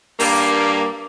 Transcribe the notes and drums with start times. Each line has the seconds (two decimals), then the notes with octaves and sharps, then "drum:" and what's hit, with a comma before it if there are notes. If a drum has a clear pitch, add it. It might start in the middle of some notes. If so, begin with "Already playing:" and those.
0.20 G2 G3 A#3, drum: open hi-hat